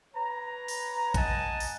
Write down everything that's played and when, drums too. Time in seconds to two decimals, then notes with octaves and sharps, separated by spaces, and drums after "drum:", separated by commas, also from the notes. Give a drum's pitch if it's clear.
0.14 B4 C#5 A#5
0.68 drum: open hi-hat
1.14 D#5 F#5 G#5 A5, drum: kick, hi-hat
1.60 drum: open hi-hat